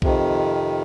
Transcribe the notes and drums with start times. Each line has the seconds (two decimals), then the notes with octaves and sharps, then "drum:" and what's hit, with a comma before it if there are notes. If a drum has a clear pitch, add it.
0.02 F2 C3 D#3, drum: kick B1